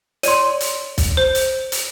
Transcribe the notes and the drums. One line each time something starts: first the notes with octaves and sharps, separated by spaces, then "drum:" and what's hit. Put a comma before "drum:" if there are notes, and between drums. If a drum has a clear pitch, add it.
C#5 D5 C6 D#7, drum: hi-hat
drum: hi-hat
drum: kick, hi-hat
C5
drum: hi-hat
drum: hi-hat